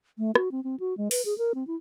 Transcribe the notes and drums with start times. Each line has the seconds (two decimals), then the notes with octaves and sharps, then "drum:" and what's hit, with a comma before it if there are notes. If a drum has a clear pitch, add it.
0.18 A3
0.35 F#4, drum: rim click
0.52 C4
0.64 C4
0.80 F#4
0.97 G#3
1.11 B4, drum: open hi-hat
1.25 G#4
1.38 A#4
1.55 C4
1.67 E4